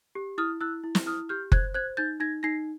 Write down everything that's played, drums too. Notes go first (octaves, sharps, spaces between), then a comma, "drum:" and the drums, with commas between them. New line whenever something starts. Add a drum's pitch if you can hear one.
G4
E4 D#6 F6
E4 E6 F#6
E4
drum: snare
E4 D#6 F6
G4 F6 G6
C5 F#6 G#6, drum: kick F#1
C5 F#6 G#6
D#4 G6 A6
D#4 G#6 A#6
D#4 A#6 C7